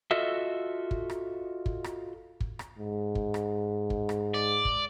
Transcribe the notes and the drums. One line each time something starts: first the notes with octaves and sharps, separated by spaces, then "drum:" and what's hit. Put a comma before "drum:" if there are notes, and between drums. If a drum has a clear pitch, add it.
F4 F#4 A4 D#5 E5
drum: kick
drum: rim click
drum: kick
drum: rim click
drum: kick
drum: rim click
G#2
drum: kick
drum: rim click
drum: kick
drum: rim click
D5
drum: kick